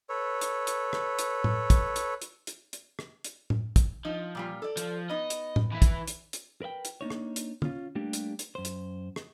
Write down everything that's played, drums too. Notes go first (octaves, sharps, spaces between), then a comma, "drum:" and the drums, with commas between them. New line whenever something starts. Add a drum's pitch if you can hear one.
A4 B4 C#5
drum: hi-hat
drum: hi-hat
drum: rim click
drum: hi-hat
drum: tom A2
drum: kick, hi-hat
drum: hi-hat
drum: hi-hat
drum: hi-hat
drum: hi-hat
drum: rim click
drum: hi-hat
drum: tom A2
drum: kick, hi-hat
F3 D#4
A#2 G3 F4
A4 D5
F3, drum: hi-hat
B3 D#4 D#5
drum: hi-hat
drum: tom A2
E3 E4
drum: kick, hi-hat
drum: hi-hat
drum: hi-hat
A#4 B4 E5 G5
drum: hi-hat
A#3 D4 D#4 C#5
drum: rim click
drum: hi-hat
C#4 F4, drum: tom
G3 A3 A#3 D4 G4
drum: hi-hat
drum: hi-hat
F#2 C5
drum: hi-hat
drum: rim click